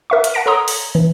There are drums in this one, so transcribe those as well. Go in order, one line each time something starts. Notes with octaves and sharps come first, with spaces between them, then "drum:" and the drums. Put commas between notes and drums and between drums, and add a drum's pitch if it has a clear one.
A#4 E5 C#6
drum: hi-hat
F#5 A5 A#6 D7
A4 C#5 A#5 C6 D#6
drum: open hi-hat
E3